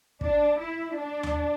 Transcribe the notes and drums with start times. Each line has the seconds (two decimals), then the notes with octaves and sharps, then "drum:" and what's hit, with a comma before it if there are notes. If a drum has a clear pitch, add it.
0.21 D4, drum: kick
0.59 E4
0.96 D4
1.23 drum: tom D#2